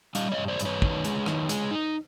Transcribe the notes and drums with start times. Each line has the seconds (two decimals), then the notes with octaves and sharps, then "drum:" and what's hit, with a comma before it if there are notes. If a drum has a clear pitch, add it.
0.15 G3 D#5 F5, drum: hi-hat
0.32 C#5 D#5
0.38 G2
0.48 C5 D5
0.60 G2, drum: hi-hat
0.65 B4 C#5
0.82 D#3, drum: kick
1.05 G#3, drum: hi-hat
1.26 D#3, drum: rim click
1.49 G#3, drum: hi-hat
1.71 D#4